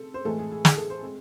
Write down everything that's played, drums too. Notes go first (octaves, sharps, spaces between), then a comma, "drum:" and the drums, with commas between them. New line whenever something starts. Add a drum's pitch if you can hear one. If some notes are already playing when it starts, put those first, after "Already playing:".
Already playing: C#3 C4 A4
C5
A2 E3 G#3 A4
G#4
G#4
G#4, drum: snare
A4
C5
G#3 C4